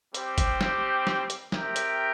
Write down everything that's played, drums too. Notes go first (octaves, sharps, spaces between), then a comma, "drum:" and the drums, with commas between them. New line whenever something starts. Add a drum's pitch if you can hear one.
G3 C4 G4, drum: hi-hat
drum: kick, hi-hat
drum: snare
drum: snare
drum: hi-hat
C4 G4 A#4 E5 G5, drum: snare
drum: hi-hat